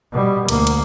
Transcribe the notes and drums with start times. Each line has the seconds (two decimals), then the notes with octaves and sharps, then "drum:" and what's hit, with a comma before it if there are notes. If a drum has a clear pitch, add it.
0.12 B2 G3
0.49 D2 A#3, drum: cymbal
0.67 drum: cymbal